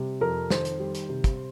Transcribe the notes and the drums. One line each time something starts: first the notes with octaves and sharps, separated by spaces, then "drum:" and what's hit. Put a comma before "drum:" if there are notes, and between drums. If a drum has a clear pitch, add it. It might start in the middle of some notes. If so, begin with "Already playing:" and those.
Already playing: C3 G3
F2 A#4
D#3 C5, drum: snare
drum: hi-hat
G3
drum: hi-hat
C3
drum: kick, hi-hat